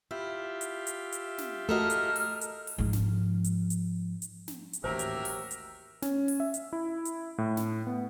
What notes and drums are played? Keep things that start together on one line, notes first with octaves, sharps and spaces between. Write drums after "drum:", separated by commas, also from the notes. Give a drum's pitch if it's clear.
E4 F4 G4 E5
drum: hi-hat
drum: hi-hat
drum: hi-hat
drum: snare
A3 F#4 A4 A#4 D#5 F6
drum: hi-hat
drum: open hi-hat
drum: hi-hat
drum: open hi-hat
G#2 F3
drum: snare
drum: hi-hat
drum: hi-hat
drum: hi-hat
drum: snare
drum: hi-hat
A1 D#2 G#2 F#3 G4 A#4 C5 E5
drum: hi-hat
drum: open hi-hat
drum: hi-hat
C#4, drum: snare
drum: open hi-hat
E5
drum: hi-hat
E4
drum: hi-hat
A2
drum: snare
B3